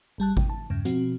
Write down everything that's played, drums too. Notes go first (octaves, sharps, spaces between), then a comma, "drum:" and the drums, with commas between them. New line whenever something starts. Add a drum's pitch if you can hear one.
G#1 G3 A5 F#6
G5, drum: kick G#1
A5
E2 G2 C#3
B2 F3 C4 F#4, drum: hi-hat